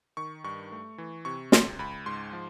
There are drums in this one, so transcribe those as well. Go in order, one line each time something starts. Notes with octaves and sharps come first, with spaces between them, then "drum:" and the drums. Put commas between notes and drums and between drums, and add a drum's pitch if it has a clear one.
D#3 C#6
G2 C#6
A3
E3
C3 C#6
C#2 C6, drum: snare
C#2 B5
G#2 C6
F3